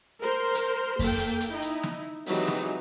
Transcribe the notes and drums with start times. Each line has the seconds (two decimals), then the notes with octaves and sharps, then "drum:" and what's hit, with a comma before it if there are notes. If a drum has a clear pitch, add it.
0.21 A#4 C5 C6
0.55 drum: hi-hat
0.99 A#3 A4 G5, drum: kick F2, open hi-hat
1.19 drum: hi-hat
1.40 drum: hi-hat
1.51 D#4 E4
1.62 drum: hi-hat
1.83 drum: snare
2.26 E3 F#3 G#3 C4 D#4 G4, drum: open hi-hat
2.48 drum: snare